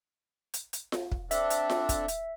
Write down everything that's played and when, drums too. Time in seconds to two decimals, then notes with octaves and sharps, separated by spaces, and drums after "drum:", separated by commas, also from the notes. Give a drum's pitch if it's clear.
0.54 drum: hi-hat
0.73 drum: hi-hat
0.92 drum: snare F4
1.12 drum: kick
1.31 C4 D4 A4 E5, drum: hi-hat
1.50 drum: hi-hat
1.70 drum: snare F4
1.89 drum: kick, hi-hat
2.08 drum: hi-hat